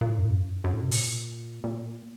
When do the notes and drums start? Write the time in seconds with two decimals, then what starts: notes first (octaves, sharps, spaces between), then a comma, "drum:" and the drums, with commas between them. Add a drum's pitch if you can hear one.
0.01 A#2
0.09 A2
0.18 F#2
0.25 A2
0.30 F#2
0.64 F#2
0.73 A2
0.83 C3
0.91 A#2, drum: open hi-hat
1.64 A#2